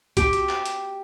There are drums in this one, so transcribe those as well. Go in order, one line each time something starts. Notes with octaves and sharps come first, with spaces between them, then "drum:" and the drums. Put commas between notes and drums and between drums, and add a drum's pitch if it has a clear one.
G4, drum: kick B1, hi-hat
drum: hi-hat
drum: clap
drum: hi-hat